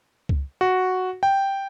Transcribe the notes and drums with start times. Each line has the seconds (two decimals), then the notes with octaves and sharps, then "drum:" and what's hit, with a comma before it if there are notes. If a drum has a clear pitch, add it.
0.29 drum: kick C#2
0.61 F#4
1.23 G5